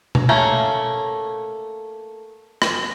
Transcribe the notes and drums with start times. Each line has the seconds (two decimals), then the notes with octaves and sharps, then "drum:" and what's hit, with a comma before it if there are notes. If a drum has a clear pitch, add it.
0.15 drum: tom B2
0.29 A3 A#3 C#4
2.62 drum: rim click